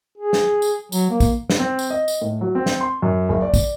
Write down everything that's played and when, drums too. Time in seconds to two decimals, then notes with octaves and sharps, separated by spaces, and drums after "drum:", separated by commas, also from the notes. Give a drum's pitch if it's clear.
0.18 G#4
0.33 drum: snare
0.62 drum: tambourine
0.92 F#3, drum: tambourine
1.11 A#3
1.20 drum: kick, tambourine
1.50 drum: snare
1.59 C4
1.79 drum: tambourine
1.90 D#5
2.08 drum: tambourine
2.21 A2
2.41 F#3
2.55 C4
2.66 drum: snare
2.81 C6
3.02 F#2
3.29 F#1
3.42 D5
3.54 drum: kick, tambourine